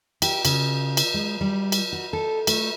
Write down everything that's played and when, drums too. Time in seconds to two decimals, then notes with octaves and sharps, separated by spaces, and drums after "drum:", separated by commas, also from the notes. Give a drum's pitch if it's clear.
0.22 G4, drum: cymbal
0.45 C#3, drum: cymbal
0.97 drum: cymbal
1.14 G#3
1.41 G3
1.72 drum: cymbal
1.93 F#4
2.13 A4
2.47 A3, drum: cymbal